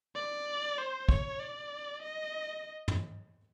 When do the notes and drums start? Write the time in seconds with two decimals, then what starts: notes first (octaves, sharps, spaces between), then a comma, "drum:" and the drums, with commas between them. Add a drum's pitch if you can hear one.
0.15 D5
0.78 C5
1.09 C#5, drum: kick
1.40 D5
2.03 D#5
2.88 drum: tom